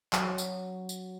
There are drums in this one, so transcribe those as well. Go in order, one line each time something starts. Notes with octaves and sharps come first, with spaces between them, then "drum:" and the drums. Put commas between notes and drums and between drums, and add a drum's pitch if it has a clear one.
F#3, drum: clap
drum: tambourine
drum: tambourine